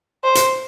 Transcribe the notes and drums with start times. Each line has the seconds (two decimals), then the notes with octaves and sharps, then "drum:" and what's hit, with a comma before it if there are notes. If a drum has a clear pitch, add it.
0.24 C5
0.35 drum: hi-hat